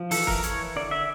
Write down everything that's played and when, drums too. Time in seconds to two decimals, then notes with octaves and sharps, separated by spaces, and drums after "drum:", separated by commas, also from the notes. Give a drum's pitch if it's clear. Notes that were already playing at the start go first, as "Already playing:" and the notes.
Already playing: F3
0.11 E3 A4, drum: open hi-hat
0.27 A#4, drum: kick
0.43 E3 C#5, drum: hi-hat
0.76 D3 D5
0.91 E5